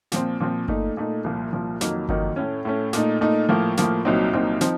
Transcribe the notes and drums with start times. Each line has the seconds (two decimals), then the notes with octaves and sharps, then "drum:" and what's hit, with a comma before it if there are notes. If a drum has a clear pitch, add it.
0.12 A#2 F3 C4, drum: snare
0.40 A#2 F3 C4
0.68 A#2 A3 D#4, drum: kick G1
0.97 A#2 A3 D#4
1.24 C2 A#2 F3
1.53 C2 A#2 F3
1.81 F2 D#3 F#3 A#3 D#4, drum: snare
2.09 F2 D#3 F#3 A#3 D#4, drum: kick G1
2.36 A2 A3 C#4
2.65 A2 A3 C#4
2.93 A#2 A3 D#4, drum: snare
3.21 A#2 A3 D#4
3.49 A2 F3 A#3
3.77 A2 F3 A#3, drum: snare
4.05 C2 A#2 F#3 C4 D#4
4.33 C2 A#2 F#3 C4 D#4
4.61 F3 C4 D#4, drum: snare